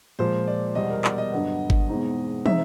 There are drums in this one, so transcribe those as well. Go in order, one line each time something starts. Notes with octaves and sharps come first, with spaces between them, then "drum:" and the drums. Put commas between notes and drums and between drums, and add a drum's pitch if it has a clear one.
A#2 F3 G#3 C5
D5
E2 B2 G3 D#5
A#4
D5, drum: clap
D#5
G2 D3 F#3 B3
drum: kick G#1
E2 B2 G#3 C4 D#4
C3 F3 G#3 C4 D#4 E5, drum: tom